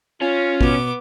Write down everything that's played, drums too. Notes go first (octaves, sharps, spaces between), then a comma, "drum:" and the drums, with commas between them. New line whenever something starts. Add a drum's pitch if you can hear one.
C#4 F4
B2 B3 D6, drum: kick